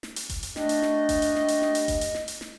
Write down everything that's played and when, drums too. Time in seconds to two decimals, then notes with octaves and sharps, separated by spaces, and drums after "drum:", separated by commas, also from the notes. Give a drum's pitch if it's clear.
0.03 drum: snare
0.16 drum: hi-hat
0.29 drum: kick F#1, hi-hat
0.43 drum: hi-hat
0.56 G3 A3 D4 D#5, drum: snare
0.69 drum: hi-hat
0.82 drum: snare
1.09 drum: kick F#1, hi-hat
1.22 drum: hi-hat
1.35 drum: snare
1.48 drum: hi-hat
1.62 drum: snare
1.75 drum: hi-hat
1.88 drum: kick F#1, hi-hat
2.01 drum: hi-hat
2.14 drum: snare
2.28 drum: hi-hat
2.41 drum: snare